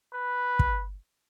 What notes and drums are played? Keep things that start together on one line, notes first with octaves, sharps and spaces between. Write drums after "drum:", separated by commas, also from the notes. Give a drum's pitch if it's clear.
B4
drum: kick